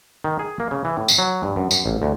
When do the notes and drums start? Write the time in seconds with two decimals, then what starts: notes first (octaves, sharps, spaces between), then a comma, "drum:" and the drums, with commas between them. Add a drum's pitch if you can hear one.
0.24 D#3
0.39 G#4
0.60 A#3
0.71 C#3
0.85 E3
0.97 A2
1.08 drum: tambourine
1.18 F#3
1.43 G2
1.56 F#2
1.71 F#2, drum: tambourine
1.86 A1
2.02 D2